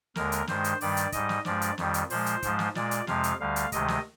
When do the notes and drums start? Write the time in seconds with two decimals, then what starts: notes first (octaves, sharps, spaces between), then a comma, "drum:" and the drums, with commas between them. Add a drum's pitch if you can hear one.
0.15 D#2 D3 G#3 A#4, drum: snare
0.32 drum: hi-hat
0.47 G2 D#3 G#3 C5, drum: snare
0.64 drum: hi-hat
0.81 G2 D#3 G3 D5, drum: open hi-hat
0.97 drum: hi-hat
1.12 G#2 G3 D#5, drum: kick, hi-hat
1.29 drum: snare
1.45 G2 F3 G#3 D5, drum: snare
1.61 drum: hi-hat
1.78 F2 D#3 G3, drum: snare
1.94 drum: hi-hat
2.10 A#2 F3 G#3 C5, drum: open hi-hat
2.26 drum: hi-hat
2.42 G#2 F3 G#3, drum: kick, hi-hat
2.59 drum: snare
2.75 A#2 G#3 D5, drum: snare
2.91 drum: hi-hat
3.07 F2 C3 F3 G#3 F5, drum: snare
3.24 drum: hi-hat
3.39 D2 D3 G3 F5
3.56 drum: hi-hat
3.72 D2 C3 D#3 G#3 D#5, drum: kick, hi-hat
3.88 drum: snare